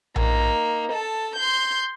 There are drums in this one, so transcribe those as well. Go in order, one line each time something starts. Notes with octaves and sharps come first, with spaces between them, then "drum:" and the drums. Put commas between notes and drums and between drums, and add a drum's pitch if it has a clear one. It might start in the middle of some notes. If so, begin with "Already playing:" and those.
A#3 D#4, drum: tom A#1
A4 A5
C6 G6